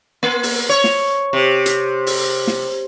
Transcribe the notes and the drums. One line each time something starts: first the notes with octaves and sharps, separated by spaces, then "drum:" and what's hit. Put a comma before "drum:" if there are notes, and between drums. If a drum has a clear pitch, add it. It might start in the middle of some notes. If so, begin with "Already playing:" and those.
A#3
drum: open hi-hat
C#5
drum: snare
C3
drum: hi-hat
drum: open hi-hat
drum: snare